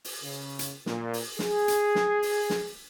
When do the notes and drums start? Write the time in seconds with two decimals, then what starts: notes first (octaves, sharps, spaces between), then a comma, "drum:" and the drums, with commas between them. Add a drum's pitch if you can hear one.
0.04 drum: open hi-hat
0.24 C#3
0.59 drum: hi-hat
0.86 A#2, drum: snare
1.13 drum: open hi-hat
1.39 G#4, drum: snare
1.68 drum: hi-hat
1.95 drum: snare
2.23 drum: open hi-hat
2.50 drum: snare